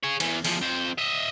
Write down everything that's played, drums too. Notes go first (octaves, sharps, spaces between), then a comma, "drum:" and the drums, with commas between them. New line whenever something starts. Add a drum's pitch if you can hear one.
G#4 C#5
E2 E3, drum: cymbal
E2 F3, drum: open hi-hat
F2 C5
D#5 E5